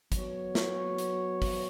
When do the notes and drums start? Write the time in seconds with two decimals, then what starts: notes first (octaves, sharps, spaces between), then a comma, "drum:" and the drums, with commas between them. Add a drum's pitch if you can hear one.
0.12 F#3 B3 F#4 C#5, drum: kick, hi-hat
0.55 drum: snare
0.98 drum: hi-hat
1.42 drum: kick, open hi-hat